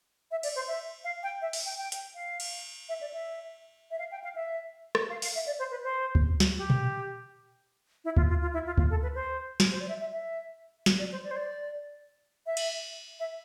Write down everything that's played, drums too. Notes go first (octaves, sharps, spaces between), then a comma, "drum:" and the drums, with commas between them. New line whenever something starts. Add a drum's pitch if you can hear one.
E5
D5, drum: cymbal
C5
E5
F5
G5
E5
drum: open hi-hat
G5
G5
drum: hi-hat
F5
drum: cymbal
E5
D5
E5
E5
F5
G5
F5
E5
drum: rim click
F5
F5, drum: open hi-hat
E5
D5
C5
B4
C5
drum: kick D2
drum: snare
G4
drum: tom A#2
E4
F4, drum: kick D2
F4
F4
E4
F4
F4, drum: kick D2
A4
B4
C5
drum: snare
C5
D5
E5
E5
E5
drum: snare
D5
C5
D5
C5
D5
E5
drum: cymbal
E5